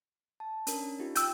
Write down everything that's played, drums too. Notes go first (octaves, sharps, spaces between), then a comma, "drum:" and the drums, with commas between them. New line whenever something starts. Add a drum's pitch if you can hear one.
A5
C#4 D4 A#4, drum: hi-hat
D#4 F4 G4
G5 E6, drum: hi-hat